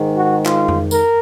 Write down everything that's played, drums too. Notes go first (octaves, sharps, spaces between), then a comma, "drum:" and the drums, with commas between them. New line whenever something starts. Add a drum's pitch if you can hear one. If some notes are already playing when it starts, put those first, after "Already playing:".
Already playing: G#2 D#3 G#3
F#4
F4, drum: clap
drum: tom F2
A#4, drum: tambourine